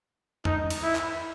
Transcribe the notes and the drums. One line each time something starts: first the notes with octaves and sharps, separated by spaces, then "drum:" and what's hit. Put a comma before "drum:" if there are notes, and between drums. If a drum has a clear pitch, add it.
D#4, drum: tom E2
drum: cymbal
E4
drum: clap